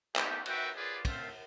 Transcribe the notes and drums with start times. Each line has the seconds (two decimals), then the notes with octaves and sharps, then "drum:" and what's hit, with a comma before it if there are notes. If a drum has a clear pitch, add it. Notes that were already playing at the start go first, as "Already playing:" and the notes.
0.16 B3 D#4 G4, drum: clap
0.46 D#4 F#4 B4 E5 G5, drum: cymbal
0.76 F4 G#4 B4 D5
1.05 A3 C4 F4, drum: kick, cymbal